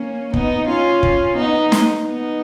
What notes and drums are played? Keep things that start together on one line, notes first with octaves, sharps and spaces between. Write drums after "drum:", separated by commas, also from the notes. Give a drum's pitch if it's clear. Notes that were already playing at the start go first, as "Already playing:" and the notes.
Already playing: A#3 C#4
B3 D#4, drum: kick
C#4 F4
drum: kick
B3 D#4
drum: snare
B3 D#4